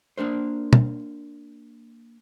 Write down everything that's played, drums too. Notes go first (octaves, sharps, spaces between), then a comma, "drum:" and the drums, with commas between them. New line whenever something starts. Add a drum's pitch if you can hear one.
A#3 D4 A#4 C5
drum: tom